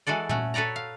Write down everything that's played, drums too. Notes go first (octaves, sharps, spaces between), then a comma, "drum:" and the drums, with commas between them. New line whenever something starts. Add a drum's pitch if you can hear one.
E3 G#3 F#4 A4 D5
A3 C#4 F#4, drum: tom A#2
A4 B4 C#5 D5 A#5
F5